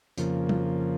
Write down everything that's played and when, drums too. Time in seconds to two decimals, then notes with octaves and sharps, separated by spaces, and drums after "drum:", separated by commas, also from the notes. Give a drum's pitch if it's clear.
0.18 F2 C#3 F3 A#3, drum: hi-hat
0.49 drum: tom